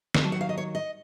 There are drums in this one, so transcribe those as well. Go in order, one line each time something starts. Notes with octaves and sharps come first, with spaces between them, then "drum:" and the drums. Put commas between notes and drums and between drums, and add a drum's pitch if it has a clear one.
drum: snare
D#2 D#3 F#3 A5
F#5
F5
D#5
C#5
D#5